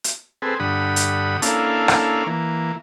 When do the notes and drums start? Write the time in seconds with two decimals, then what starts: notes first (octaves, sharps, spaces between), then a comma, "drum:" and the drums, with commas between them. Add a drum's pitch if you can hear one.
0.04 drum: hi-hat
0.42 C4 G#4 A4 B4
0.60 G2 D3 F#5 B5 D#6
0.96 drum: hi-hat
1.42 A#3 C#4 D4 E4 A4 F5, drum: hi-hat
1.88 drum: rim click
2.26 E3 A#3